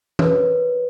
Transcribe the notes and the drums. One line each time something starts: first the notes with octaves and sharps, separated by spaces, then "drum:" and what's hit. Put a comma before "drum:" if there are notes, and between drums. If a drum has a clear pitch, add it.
A#4 B4 C#5, drum: tom E3